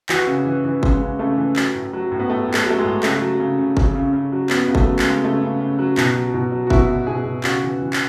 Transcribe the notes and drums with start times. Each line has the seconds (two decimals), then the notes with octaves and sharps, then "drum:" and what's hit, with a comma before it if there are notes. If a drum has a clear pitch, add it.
0.09 E3 F#4, drum: clap
0.27 C#3
0.45 E3
0.65 E3
0.83 C#3 G#3, drum: kick G1
1.00 C#3
1.19 C#3 A3
1.37 E3
1.56 F#3, drum: clap
1.75 A2
1.93 F#3
2.12 A2
2.20 B3
2.29 A2 A3
2.48 A2
2.54 A3, drum: clap
2.66 F#3 A3
2.78 G#3
2.84 A2
3.03 C#3 A3, drum: clap
3.21 F#3
3.40 C#3
3.58 C#3
3.77 C#3, drum: kick G1
3.95 C#3
4.13 C#3
4.32 F#3
4.50 F#3 B3, drum: clap
4.68 C#3 B3
4.75 A3, drum: kick G1
4.87 F#3
4.99 G#3, drum: clap
5.05 C#3
5.23 C#3 A3
5.42 C#3
5.60 C#3
5.79 F#3
5.98 B2, drum: clap
6.15 F#3
6.34 B2
6.52 F#3
6.67 F#4
6.70 B2 E4, drum: kick G1
6.88 B2
7.07 B2 G#4
7.26 B2
7.44 C#3 F#4, drum: clap
7.63 E3
7.82 E3
7.93 drum: clap